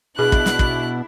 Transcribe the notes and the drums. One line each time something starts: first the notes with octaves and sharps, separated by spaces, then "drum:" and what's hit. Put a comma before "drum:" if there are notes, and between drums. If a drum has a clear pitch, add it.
B2 D4 E4 G#4 F#6
drum: kick
drum: snare
drum: kick